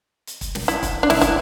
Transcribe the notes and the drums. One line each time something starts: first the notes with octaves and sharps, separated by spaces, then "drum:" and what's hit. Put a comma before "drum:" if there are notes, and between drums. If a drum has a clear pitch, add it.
drum: hi-hat
drum: kick, hi-hat
drum: snare
E4, drum: hi-hat
drum: kick, hi-hat
D4
E4, drum: snare
E4, drum: kick, hi-hat